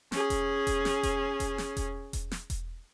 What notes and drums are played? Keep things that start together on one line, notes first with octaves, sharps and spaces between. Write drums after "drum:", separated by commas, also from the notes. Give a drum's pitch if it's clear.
C#4 G#4, drum: snare
drum: kick E1, hi-hat
drum: kick E1, hi-hat
drum: snare
drum: kick E1, hi-hat
drum: kick E1, hi-hat
drum: snare
drum: kick E1, hi-hat
drum: kick E1, hi-hat
drum: snare
drum: kick E1, hi-hat